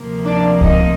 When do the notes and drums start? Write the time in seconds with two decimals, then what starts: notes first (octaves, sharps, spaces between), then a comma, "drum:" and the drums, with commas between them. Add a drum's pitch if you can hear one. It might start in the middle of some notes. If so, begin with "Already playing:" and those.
Already playing: D2 C3 F3 A#3
0.25 D4 D5
0.61 D#4 D#5, drum: kick C2